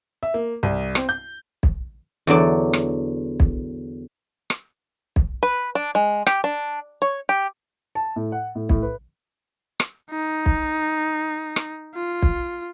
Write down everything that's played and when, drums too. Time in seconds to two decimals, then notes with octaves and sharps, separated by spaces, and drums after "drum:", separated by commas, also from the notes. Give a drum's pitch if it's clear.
0.23 E5
0.34 A#3
0.63 C2
0.95 C4, drum: rim click
1.09 G6
1.63 drum: kick B1
2.27 E2 D3 F#3 D5
2.73 drum: rim click
3.40 drum: kick B1
4.50 drum: rim click
5.16 drum: kick B1
5.43 B4
5.75 D4
5.95 G#3
6.27 G4, drum: rim click
6.44 D4
7.02 C#5
7.29 G4
7.95 A5
8.16 A2
8.32 F#5
8.55 A2
8.69 A2, drum: kick B1
8.82 B4
9.80 drum: rim click
10.11 D#4
10.46 drum: kick B1
11.56 drum: rim click
11.94 F4
12.22 drum: kick B1